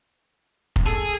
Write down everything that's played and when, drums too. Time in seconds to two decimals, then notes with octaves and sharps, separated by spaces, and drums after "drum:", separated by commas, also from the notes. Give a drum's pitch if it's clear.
0.76 drum: kick F1
0.86 G#4 A4